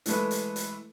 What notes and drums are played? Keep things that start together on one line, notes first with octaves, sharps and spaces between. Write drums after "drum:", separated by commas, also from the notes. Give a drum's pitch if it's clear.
E3 G#3 A3 A4 B4, drum: hi-hat
drum: hi-hat
drum: hi-hat